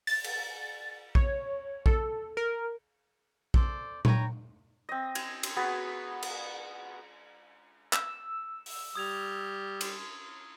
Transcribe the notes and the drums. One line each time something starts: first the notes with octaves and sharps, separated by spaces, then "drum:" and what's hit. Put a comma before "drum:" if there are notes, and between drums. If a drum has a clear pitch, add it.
A6, drum: open hi-hat
drum: cymbal
C#5, drum: kick A#1
A4, drum: kick A#1
A#4
A4 C5 D5, drum: kick A#1
B4 C#5 G5 A#5, drum: tom A#2
C4 D#5
G#5, drum: cymbal
drum: cymbal
B3 F#4 G#4 B5
drum: cymbal
E6, drum: clap
drum: open hi-hat
G3 D#6 G#6 F7
drum: cymbal